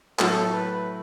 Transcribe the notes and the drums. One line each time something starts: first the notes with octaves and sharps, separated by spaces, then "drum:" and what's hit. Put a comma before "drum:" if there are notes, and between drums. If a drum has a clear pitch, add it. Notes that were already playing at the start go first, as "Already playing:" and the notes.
A2 F#3 A3 E4 A4, drum: clap
B4